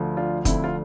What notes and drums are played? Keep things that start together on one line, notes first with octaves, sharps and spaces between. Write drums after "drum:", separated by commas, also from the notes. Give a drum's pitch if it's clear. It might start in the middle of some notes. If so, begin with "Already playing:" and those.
Already playing: D2 D3 F3
D4 F4
D2 D3 F3 C4 E4, drum: kick, hi-hat
F4